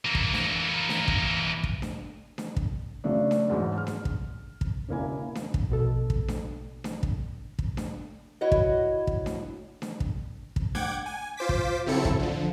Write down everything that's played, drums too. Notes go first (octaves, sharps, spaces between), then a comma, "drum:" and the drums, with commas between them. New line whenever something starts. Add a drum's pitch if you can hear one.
E3 A#3
drum: kick
drum: snare D4
drum: snare D4
drum: kick
drum: kick
drum: snare D4
drum: snare D4
drum: kick
C#3 F#3 A3 D4
drum: snare D4
E2 G#2 F#3 G#3 B3
F6
drum: snare D4
drum: kick
drum: kick
E1 C#3 A#3 E4 G#5
drum: snare D4
drum: kick
A#1 B2 A4
drum: kick
drum: snare D4
drum: snare D4
drum: kick
drum: kick
drum: snare D4
E4 F#4 C#5 D#5
drum: kick
drum: kick
drum: snare D4
drum: snare D4
drum: kick
drum: kick
F#5 G5 D6 G#6, drum: snare D4
G#5
F4 C5 D6 B6
drum: kick
C#3 F#3 C4 E4 A4 C#7
drum: kick
D3 F3